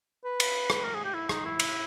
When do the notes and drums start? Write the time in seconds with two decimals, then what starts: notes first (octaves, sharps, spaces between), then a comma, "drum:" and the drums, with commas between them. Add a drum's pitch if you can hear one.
0.24 B4
0.40 drum: cymbal
0.70 drum: rim click
0.85 A#4
0.95 G#4
1.04 G4
1.14 E4
1.29 D#4, drum: rim click
1.45 E4
1.59 drum: cymbal